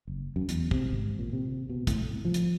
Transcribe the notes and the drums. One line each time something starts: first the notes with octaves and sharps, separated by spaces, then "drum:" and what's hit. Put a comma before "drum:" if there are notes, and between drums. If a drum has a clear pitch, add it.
F#1
F#2
E2, drum: hi-hat
C3, drum: kick
G#1
A#2
C3
B2
A2, drum: kick, hi-hat
C2
F3
drum: hi-hat